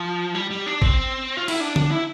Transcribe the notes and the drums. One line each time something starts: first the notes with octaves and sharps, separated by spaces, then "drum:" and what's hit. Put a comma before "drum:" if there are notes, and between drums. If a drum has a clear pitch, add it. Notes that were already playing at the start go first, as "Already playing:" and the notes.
Already playing: F3
G3
G3
D4
C4, drum: kick G#1
F4
E4, drum: cymbal
D4
D4, drum: tom D3
E4